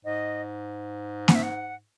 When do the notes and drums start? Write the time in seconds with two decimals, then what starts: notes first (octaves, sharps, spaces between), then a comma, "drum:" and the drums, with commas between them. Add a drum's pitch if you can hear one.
0.05 G#2 D#5
1.28 F#5, drum: snare A#3
1.35 E5
1.43 F#5